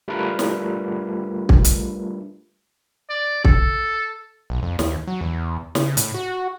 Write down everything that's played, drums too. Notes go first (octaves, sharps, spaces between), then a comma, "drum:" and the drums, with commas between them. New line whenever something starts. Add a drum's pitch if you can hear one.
G3 A3 D4 F4 A#4 B4
drum: snare
drum: kick
drum: hi-hat
D5
A4, drum: kick
B1
F2
D#2, drum: snare
F#3
E2
C#3, drum: snare
A2, drum: hi-hat
F#4